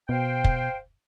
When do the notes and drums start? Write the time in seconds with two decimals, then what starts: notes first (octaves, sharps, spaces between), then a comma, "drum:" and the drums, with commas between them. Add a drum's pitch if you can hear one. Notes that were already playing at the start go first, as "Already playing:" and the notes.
0.09 B2 C5 F5 G5
0.44 drum: kick